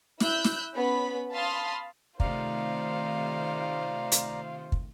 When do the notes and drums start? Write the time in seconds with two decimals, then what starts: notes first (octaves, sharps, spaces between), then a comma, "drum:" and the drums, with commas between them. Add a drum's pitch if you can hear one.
0.20 E4 E6 F#6 G6, drum: snare
0.45 drum: snare
0.74 B3 C#4 B5
1.31 F5 A5 B5 C6 D#6 F6
2.20 C3 D#3 A3 F4 C5 D5 F5 A#5, drum: kick
4.12 drum: hi-hat
4.72 drum: kick